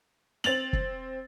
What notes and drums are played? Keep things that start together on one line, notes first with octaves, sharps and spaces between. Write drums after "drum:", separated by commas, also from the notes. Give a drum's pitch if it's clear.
C4 A6 F7 F#7, drum: snare
drum: kick